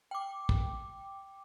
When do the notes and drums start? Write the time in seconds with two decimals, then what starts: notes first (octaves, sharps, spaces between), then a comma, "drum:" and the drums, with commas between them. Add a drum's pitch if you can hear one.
0.11 G5 D6
0.49 drum: kick